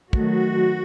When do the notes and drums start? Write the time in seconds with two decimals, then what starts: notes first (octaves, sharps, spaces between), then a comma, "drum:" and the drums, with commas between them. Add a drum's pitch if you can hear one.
0.13 D#3 F#3 A3 F#4, drum: kick